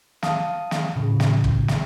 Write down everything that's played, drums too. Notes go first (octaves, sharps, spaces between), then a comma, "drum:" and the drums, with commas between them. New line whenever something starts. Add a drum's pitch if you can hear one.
F5 A5 D#6, drum: snare
drum: snare
A2 C#3
drum: snare
drum: kick
drum: snare